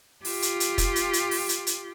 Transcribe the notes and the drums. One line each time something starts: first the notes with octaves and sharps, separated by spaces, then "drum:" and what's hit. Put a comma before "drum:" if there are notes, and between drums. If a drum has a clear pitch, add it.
F4 G4, drum: open hi-hat
drum: hi-hat
drum: hi-hat
drum: kick, hi-hat
drum: hi-hat
drum: hi-hat
drum: open hi-hat
drum: hi-hat
drum: hi-hat